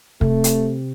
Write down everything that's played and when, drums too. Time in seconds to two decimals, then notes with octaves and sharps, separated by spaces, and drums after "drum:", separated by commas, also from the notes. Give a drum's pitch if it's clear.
0.21 C3 A3, drum: kick
0.44 drum: hi-hat